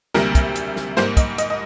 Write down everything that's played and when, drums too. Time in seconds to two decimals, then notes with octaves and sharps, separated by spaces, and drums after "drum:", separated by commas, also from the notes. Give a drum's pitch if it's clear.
0.14 D2 C3 G3 A#3 A#4, drum: snare
0.35 drum: kick, hi-hat
0.56 drum: hi-hat
0.76 drum: snare
0.97 G#2 G3 A#3 C5, drum: snare
1.17 D#5, drum: kick, hi-hat
1.38 D#5, drum: hi-hat
1.50 D#5